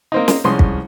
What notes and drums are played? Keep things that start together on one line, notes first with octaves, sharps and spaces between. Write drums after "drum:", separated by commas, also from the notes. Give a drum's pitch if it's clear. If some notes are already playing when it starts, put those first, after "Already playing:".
A#3 C4 D#4
drum: snare
C2 F3 G#3 C#4 C6 D#6
drum: kick